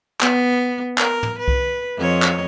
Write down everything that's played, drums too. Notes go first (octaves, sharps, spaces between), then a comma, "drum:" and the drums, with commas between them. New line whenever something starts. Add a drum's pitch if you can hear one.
B3, drum: clap
A#4, drum: clap
drum: tom
B4
drum: kick C2
F2 C#5 D#5
drum: clap